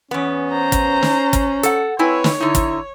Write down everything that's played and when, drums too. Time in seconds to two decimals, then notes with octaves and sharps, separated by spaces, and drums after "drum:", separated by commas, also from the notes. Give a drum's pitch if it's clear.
0.11 E2 B3 C#4
0.51 C5 A#5
0.72 drum: kick, hi-hat
1.03 drum: snare
1.33 drum: kick, hi-hat
1.63 A4 F#5, drum: hi-hat
1.99 C4 E4 B4 C#5 G#5
2.24 drum: snare
2.40 D3 D#4 E4
2.55 drum: kick, hi-hat